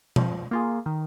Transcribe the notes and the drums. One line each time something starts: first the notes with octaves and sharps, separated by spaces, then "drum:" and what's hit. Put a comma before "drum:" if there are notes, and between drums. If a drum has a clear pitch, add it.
F3, drum: tom B2
A#3 F4 G#4
D#3